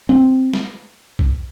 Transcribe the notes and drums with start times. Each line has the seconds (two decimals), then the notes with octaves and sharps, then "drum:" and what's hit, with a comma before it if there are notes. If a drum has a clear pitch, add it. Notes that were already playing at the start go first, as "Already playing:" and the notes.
0.09 C4
0.53 drum: snare
1.19 drum: kick B1